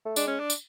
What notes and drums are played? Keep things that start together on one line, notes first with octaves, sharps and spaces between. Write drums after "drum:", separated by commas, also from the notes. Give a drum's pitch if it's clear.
A3
G#3 D4, drum: tambourine
C#4
D4
drum: tambourine